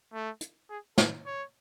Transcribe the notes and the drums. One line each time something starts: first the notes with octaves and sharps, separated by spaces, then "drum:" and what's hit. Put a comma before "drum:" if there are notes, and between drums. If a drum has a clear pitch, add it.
A3
drum: hi-hat
G#4
A4, drum: snare
C#5